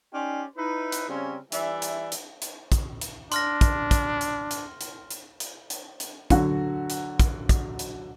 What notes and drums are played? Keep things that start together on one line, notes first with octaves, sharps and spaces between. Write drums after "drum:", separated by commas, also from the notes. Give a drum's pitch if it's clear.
C#4 D#4 G4 D5 G5 C6
D#4 E4 B4
drum: hi-hat
C#3 G3 C4 C#4
E3 G3 D5 E5, drum: hi-hat
drum: hi-hat
drum: hi-hat
drum: hi-hat
drum: kick, hi-hat
drum: hi-hat
D4 C6 F6 A#6, drum: hi-hat
drum: kick, hi-hat
drum: kick, hi-hat
drum: hi-hat
drum: hi-hat
drum: hi-hat
drum: hi-hat
drum: hi-hat
drum: hi-hat
drum: hi-hat
D3 F#3 F#4, drum: kick, hi-hat
drum: hi-hat
drum: kick, hi-hat
drum: kick, hi-hat
drum: hi-hat